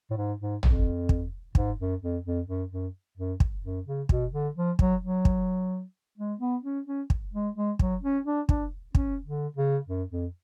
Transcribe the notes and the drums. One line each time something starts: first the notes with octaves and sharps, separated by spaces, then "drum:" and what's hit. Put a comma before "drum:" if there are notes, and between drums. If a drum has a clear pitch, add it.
A2
G#2
G#2
F2, drum: tom
drum: kick
G#2, drum: kick
F#2
F2
F2
F#2
F#2
F#2
drum: kick
F#2
C#3
B2, drum: kick
D3
F3
F#3, drum: kick
F#3
drum: kick
G#3
B3
C#4
C#4
drum: kick
G#3
G#3
F#3, drum: kick
C#4
D4
D4, drum: kick
C#4, drum: kick
D3
C#3
F#2
F2